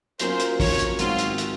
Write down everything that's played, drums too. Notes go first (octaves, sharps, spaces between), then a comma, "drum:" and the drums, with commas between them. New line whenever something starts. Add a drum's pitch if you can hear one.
F#3 A#3 C#4 F4 A#4 C5, drum: hi-hat
drum: hi-hat
C#5, drum: kick, open hi-hat
drum: hi-hat
G#2 D#3 G#3 C4 F4 F#4, drum: hi-hat
drum: hi-hat
drum: hi-hat